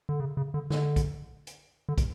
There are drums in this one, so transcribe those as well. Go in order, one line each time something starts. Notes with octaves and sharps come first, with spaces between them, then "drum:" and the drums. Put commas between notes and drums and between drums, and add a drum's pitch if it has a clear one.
D3
C#3
C#3
D3
D3, drum: snare
drum: kick, hi-hat
drum: hi-hat
D3
drum: kick, hi-hat